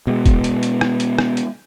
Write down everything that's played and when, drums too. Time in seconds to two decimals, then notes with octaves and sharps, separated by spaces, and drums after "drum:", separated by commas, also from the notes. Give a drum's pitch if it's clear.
0.07 B2 G#3
0.26 drum: kick, hi-hat
0.44 drum: hi-hat
0.63 drum: hi-hat
0.81 drum: rim click
1.00 drum: hi-hat
1.18 drum: rim click
1.37 drum: hi-hat